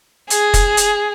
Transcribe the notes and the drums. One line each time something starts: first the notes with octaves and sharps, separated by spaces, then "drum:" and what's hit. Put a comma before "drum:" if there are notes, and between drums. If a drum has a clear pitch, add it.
G#4, drum: hi-hat
drum: kick, hi-hat
drum: hi-hat